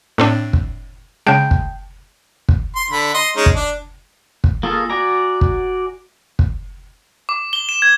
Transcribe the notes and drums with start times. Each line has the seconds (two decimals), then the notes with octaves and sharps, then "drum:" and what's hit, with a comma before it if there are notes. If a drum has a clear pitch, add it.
0.18 A2 C4 D4
0.53 drum: kick
1.27 C#3 G#3 G5 A5 G6
1.51 drum: kick
2.49 drum: kick
2.76 C6
2.91 D3 B5
3.14 D#5 C6
3.37 G#3 C#4 D#4
3.46 drum: kick
3.55 D4
4.44 drum: kick
4.63 A#3 F4 G#4 A4
4.90 F#4 D5 G#5 A#5
5.41 drum: kick
6.39 drum: kick
7.29 D6
7.53 G7
7.69 E7
7.82 G#6